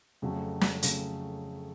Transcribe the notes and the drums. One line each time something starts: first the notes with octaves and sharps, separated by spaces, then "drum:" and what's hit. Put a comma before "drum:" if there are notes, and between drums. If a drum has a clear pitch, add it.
F2 C#3 F#3 A3
drum: snare
F2 C#3 F#3 A3, drum: hi-hat